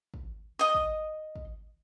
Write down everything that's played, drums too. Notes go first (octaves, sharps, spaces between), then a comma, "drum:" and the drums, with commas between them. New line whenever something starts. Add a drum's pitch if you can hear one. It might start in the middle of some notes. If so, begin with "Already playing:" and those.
drum: kick
D#5 D#6
drum: kick
drum: kick